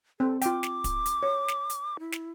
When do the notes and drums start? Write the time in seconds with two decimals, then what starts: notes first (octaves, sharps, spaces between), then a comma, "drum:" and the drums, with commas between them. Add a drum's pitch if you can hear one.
0.20 C4 A4
0.42 F4 G5 D6, drum: hi-hat
0.63 drum: snare
0.84 drum: kick, hi-hat
1.06 drum: hi-hat
1.23 C#5
1.48 drum: snare
1.70 drum: hi-hat
1.99 E4
2.12 drum: snare